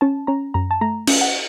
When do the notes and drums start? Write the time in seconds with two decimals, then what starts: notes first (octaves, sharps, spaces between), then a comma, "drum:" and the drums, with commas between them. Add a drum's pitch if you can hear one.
0.01 C#4 A5
0.27 C#4 A#5
0.54 F#2 A#5
0.71 A5
0.81 A3 A#5
1.07 C#4, drum: cymbal
1.21 F#5